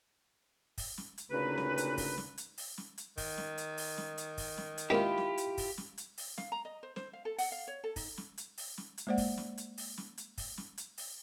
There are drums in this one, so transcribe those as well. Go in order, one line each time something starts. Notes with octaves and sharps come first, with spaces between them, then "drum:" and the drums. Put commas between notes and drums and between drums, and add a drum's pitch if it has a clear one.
drum: kick, open hi-hat
drum: snare
drum: hi-hat
D2 A#2 C#3 D#4 B4
drum: snare
drum: hi-hat
drum: kick, open hi-hat
drum: snare
drum: hi-hat
drum: open hi-hat
drum: snare
drum: hi-hat
D#3, drum: kick, open hi-hat
drum: snare
drum: hi-hat
drum: open hi-hat
drum: snare
drum: hi-hat
drum: kick, open hi-hat
drum: snare
drum: hi-hat
G#3 A#3 C4 E4 F4 G4
drum: snare
drum: hi-hat
drum: kick, open hi-hat
drum: snare
drum: hi-hat
drum: open hi-hat
F5, drum: snare
A#5
D#5
C5
C5, drum: snare
F5
A4
F#5, drum: open hi-hat
F5
C#5
A4
D#4, drum: kick, open hi-hat
drum: snare
drum: hi-hat
drum: open hi-hat
drum: snare
drum: hi-hat
G#3 A#3 C5 D5 F#5
drum: kick, open hi-hat
drum: snare
drum: hi-hat
drum: open hi-hat
drum: snare
drum: hi-hat
drum: kick, open hi-hat
drum: snare
drum: hi-hat
drum: open hi-hat